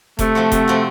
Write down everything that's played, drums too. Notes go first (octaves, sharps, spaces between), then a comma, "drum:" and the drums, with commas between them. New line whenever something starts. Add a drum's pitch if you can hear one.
C3 A3, drum: kick E1, hi-hat
F3 C4 F#4
C3, drum: kick E1, hi-hat
F3 C4 F#4